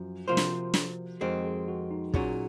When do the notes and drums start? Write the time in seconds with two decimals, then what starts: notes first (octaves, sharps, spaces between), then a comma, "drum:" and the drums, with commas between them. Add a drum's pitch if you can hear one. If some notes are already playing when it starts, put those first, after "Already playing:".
Already playing: F#2 F3 F#4
0.28 C3 F3 A#3 F4 C5
0.37 drum: snare
0.74 drum: snare
1.21 F2 D#3 G#3 C4 F#4
1.44 G#4
1.68 F#4
1.91 D#4
2.14 A#2 F#3 C#4 G#4, drum: kick